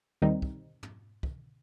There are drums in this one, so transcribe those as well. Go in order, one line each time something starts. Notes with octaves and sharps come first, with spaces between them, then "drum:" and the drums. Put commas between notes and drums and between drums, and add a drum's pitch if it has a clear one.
D#2 D#3 G3 C4 D#4
drum: kick
drum: tom
drum: kick